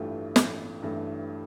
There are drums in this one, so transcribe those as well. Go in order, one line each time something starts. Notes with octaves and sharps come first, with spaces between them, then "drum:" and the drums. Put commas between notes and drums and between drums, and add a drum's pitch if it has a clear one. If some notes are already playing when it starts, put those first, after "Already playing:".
Already playing: A1 G2 E3 A3 F4 G4
A1, drum: snare
G2 E3 A3